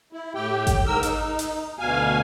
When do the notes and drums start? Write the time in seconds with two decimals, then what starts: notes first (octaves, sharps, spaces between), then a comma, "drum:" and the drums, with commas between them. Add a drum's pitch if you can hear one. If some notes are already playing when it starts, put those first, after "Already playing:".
0.12 E4
0.35 A2 G4 G5
0.67 drum: kick G#1, hi-hat
0.86 G#2 A#4 E6
1.03 D#4, drum: hi-hat
1.39 drum: hi-hat
1.79 D2 B2 F5 G#5